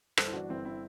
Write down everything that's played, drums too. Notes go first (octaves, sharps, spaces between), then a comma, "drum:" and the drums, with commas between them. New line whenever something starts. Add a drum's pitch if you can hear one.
G1 A4 C5, drum: rim click
E4
E3 D4 F#4
G1 C4 E4
C4 E4